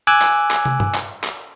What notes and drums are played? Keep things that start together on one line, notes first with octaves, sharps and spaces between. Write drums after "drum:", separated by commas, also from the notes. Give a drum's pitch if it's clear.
G#5 D6 E6 F#6 G#6
drum: clap
drum: clap
drum: tom
drum: tom G2
drum: clap
drum: clap